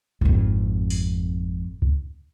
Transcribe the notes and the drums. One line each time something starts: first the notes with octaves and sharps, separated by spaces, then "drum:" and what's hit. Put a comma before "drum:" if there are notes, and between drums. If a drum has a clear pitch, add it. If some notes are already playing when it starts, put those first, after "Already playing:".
G#1 F2, drum: kick
drum: open hi-hat
drum: kick